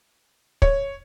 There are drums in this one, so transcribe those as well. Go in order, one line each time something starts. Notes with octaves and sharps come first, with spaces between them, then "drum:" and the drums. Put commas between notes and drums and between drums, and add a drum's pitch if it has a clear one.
C#5, drum: kick